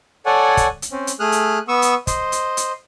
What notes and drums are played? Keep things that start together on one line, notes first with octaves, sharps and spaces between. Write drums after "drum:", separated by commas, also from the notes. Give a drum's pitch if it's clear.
A4 C#5 D5 F#5 G#5
drum: kick, hi-hat
drum: hi-hat
C4 C#4
drum: hi-hat
A3 G#4 D#6 F6 F#6
drum: hi-hat
B3 C#6 D#6 E6
drum: hi-hat
C5 D#5, drum: kick, hi-hat
drum: hi-hat
drum: hi-hat